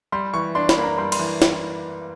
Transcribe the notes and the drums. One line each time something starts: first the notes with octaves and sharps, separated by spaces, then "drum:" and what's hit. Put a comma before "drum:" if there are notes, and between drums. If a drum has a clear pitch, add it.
G3 C6
E3 C#6
D4 C6
B5, drum: snare
A#3
A#5
G3 C6
C6, drum: cymbal
E3
drum: snare